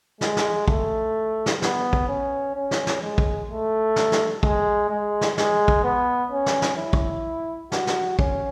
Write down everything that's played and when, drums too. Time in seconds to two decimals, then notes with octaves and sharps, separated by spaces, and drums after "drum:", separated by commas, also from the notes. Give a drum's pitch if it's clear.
0.21 G#3, drum: snare
0.37 drum: snare
0.68 A3, drum: kick
1.46 drum: snare
1.62 B3, drum: snare
1.93 drum: kick
2.08 C#4
2.55 C#4
2.71 drum: snare
2.87 drum: snare
3.02 G#3
3.18 drum: kick
3.49 A3
3.96 drum: snare
4.12 drum: snare
4.43 G#3, drum: kick
4.89 G#3
5.21 drum: snare
5.37 G#3, drum: snare
5.68 drum: kick
5.84 B3
6.31 C#4
6.46 drum: snare
6.62 drum: snare
6.77 E4
6.93 drum: kick
7.72 F#4, drum: snare
7.87 drum: snare
8.19 C#4, drum: kick